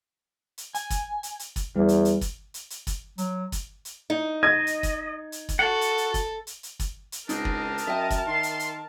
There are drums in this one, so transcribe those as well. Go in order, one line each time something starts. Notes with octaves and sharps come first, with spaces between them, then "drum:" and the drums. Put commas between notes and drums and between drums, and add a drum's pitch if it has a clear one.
drum: hi-hat
G#5, drum: hi-hat
drum: kick, hi-hat
drum: hi-hat
drum: hi-hat
drum: kick, hi-hat
E2 G3
drum: hi-hat
drum: hi-hat
drum: kick, hi-hat
drum: hi-hat
drum: hi-hat
drum: kick, hi-hat
F#3, drum: hi-hat
drum: kick, hi-hat
drum: hi-hat
D#4
D#5 G#6
drum: hi-hat
drum: kick, hi-hat
drum: hi-hat
drum: kick, hi-hat
F#4 A4 F#5
drum: hi-hat
drum: hi-hat
drum: kick, hi-hat
drum: hi-hat
drum: hi-hat
drum: kick, hi-hat
drum: hi-hat
C#2 C4 D4 D#4 A#4 D#5 A5, drum: hi-hat
drum: kick
drum: hi-hat
F#2 D#5 E5 G5
drum: kick, hi-hat
D#3 C6
drum: hi-hat
drum: hi-hat